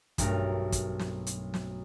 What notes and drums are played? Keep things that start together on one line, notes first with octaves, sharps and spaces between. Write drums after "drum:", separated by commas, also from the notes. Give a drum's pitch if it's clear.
B1 G2 A3 A#4, drum: kick, hi-hat
drum: kick, hi-hat
drum: snare
drum: hi-hat
drum: snare